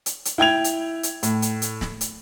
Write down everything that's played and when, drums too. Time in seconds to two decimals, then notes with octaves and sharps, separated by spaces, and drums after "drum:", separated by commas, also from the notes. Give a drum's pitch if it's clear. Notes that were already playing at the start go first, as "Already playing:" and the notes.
0.06 drum: hi-hat
0.25 drum: hi-hat
0.38 E4 G5 G#6 F7
0.64 drum: hi-hat
1.03 drum: hi-hat
1.23 A2, drum: hi-hat
1.42 drum: hi-hat
1.62 drum: hi-hat
1.81 drum: snare
2.01 drum: hi-hat